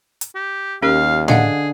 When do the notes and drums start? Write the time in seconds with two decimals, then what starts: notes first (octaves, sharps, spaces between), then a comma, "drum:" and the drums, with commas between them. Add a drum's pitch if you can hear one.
0.21 drum: hi-hat
0.35 G4
0.82 D#2 C#4 G4 A#4 F5
1.28 D3 G#4 D#5 F5 F#5, drum: tom A2